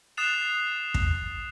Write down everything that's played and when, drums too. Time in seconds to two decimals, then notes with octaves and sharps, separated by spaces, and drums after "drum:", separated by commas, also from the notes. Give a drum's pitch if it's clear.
0.17 D#6 F#6 A6 C7 E7 F7
0.94 drum: kick